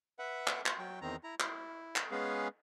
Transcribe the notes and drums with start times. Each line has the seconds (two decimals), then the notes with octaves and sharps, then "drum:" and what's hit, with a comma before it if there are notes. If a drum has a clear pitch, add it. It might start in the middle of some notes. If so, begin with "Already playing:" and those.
0.19 B4 E5 F#5
0.47 drum: clap
0.66 drum: clap
0.79 F#3 G5
1.02 E2 D#3 C4 A#5
1.24 E4 A#5
1.40 E4, drum: clap
1.96 drum: clap
2.11 G#3 B3 C#4 G#4 B4 F5